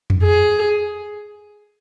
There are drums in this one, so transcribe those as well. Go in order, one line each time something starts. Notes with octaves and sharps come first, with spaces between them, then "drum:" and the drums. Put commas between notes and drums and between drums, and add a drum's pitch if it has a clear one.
drum: tom F2
G#4